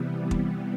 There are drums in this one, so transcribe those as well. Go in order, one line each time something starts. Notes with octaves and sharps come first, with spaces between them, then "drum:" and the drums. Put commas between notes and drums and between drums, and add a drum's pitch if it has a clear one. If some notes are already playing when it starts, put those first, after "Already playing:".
Already playing: C3 E3 G3 B3
drum: kick